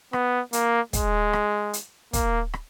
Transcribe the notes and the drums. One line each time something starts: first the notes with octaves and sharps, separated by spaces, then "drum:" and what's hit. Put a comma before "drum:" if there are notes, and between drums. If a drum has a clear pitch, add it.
B3, drum: rim click
A#3, drum: hi-hat
G#3, drum: kick, hi-hat
drum: rim click
drum: hi-hat
A#3, drum: kick, hi-hat
drum: rim click